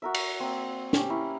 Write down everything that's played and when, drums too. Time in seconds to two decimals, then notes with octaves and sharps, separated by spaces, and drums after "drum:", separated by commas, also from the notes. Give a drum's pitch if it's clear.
0.02 F#4 A#4 E5
0.14 drum: cymbal
0.40 A#3 C4
0.93 C#4 G4, drum: snare
1.10 C#4 E4 A#4